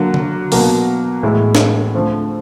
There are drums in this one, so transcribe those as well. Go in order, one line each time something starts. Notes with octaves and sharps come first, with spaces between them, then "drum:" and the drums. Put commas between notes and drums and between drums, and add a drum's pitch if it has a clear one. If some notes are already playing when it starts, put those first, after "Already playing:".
Already playing: D3 F#3 A#3
drum: tom D3
B2 F#3 A#3, drum: open hi-hat
A2 E3 G#3 B3 E4
drum: snare
D3 F3 A3 C4